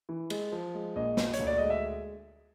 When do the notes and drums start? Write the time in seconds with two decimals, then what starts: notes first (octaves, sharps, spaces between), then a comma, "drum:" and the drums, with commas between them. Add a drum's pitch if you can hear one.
0.09 E3
0.30 G#3, drum: cymbal
0.52 F3
0.74 G#3
0.96 A#1 D#5
1.17 A#1, drum: snare
1.33 C#5, drum: hi-hat
1.39 D2
1.47 D5
1.58 G#3 D#5
1.70 E5